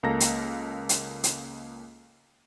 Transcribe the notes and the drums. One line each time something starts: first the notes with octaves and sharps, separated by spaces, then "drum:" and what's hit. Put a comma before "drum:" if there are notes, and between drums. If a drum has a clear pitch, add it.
C#2 A#3 A4 A#5 A#6
drum: hi-hat
drum: hi-hat
drum: hi-hat